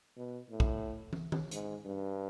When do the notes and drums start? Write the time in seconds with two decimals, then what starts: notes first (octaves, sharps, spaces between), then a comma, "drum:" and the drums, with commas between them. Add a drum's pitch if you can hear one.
0.17 B2
0.50 A2
0.60 drum: kick
1.13 drum: tom
1.32 drum: tom D#3
1.51 G#2, drum: hi-hat
1.85 G2